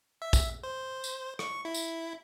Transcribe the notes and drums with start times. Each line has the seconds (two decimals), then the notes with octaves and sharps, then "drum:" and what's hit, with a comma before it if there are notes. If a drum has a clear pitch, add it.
0.22 E5
0.33 drum: kick, tambourine
0.64 C5
1.04 drum: tambourine
1.39 C#6, drum: rim click
1.65 E4
1.74 drum: tambourine